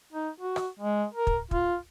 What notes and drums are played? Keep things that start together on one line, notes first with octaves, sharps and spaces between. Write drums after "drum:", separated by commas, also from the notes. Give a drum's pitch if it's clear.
D#4
F#4
drum: rim click
G#3
A#4
drum: kick
F4, drum: kick